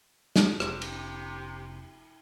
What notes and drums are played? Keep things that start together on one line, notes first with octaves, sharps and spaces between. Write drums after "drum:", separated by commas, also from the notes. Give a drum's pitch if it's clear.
drum: snare
F1 C3, drum: rim click
drum: cymbal